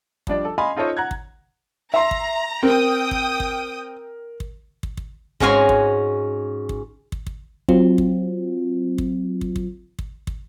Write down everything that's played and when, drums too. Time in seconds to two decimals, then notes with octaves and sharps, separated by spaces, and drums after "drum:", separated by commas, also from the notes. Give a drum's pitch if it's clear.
0.27 F3 G3 D4 D5, drum: kick
0.45 A4
0.58 D#5 F5 G#5 B5 C6
0.76 D#4 F4 A4 C5 C#5 D#5
0.97 F#5 A#5 F#6 G#6
1.11 drum: kick
1.94 E5 A#5 C6
2.11 drum: kick
2.63 C4 A#4 G5 D#6
3.11 drum: kick
3.40 drum: kick
4.40 drum: kick
4.83 drum: kick
4.97 drum: kick
5.40 G#2 C#4 F#4 F5 G#5 C6, drum: kick
5.69 drum: kick
6.69 drum: kick
7.12 drum: kick
7.27 drum: kick
7.69 F#3 C4 F4, drum: kick
7.98 drum: kick
8.98 drum: kick
9.41 drum: kick
9.56 drum: kick
9.99 drum: kick
10.27 drum: kick